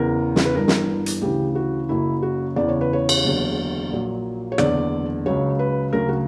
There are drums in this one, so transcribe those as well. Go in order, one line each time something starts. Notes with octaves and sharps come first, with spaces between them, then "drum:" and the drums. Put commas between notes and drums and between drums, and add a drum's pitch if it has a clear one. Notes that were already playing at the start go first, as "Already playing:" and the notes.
Already playing: E2 C#3 E3 A#4
drum: snare
B4
G1 G2 E3 A#4
drum: snare
drum: hi-hat
D2 C#3 E3 G4
F#4
F#1 F#2 C#3 F#3 E4
F#4
E2 C#3 E3 D5
C#5
B4
C#5
drum: cymbal
F#1 E2 D3 F#3
A#1 A#2 F#3
C#5
F#1 E2 D3 D5, drum: rim click
C#2 C#3 F#3 C#5
B4
D2 C#3 F#3 A#4
F#4